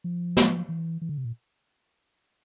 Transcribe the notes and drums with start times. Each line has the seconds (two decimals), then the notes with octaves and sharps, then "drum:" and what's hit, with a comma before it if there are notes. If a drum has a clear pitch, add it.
0.04 F3
0.37 drum: snare
0.69 E3
1.02 E3
1.09 D3
1.18 C3
1.25 A#2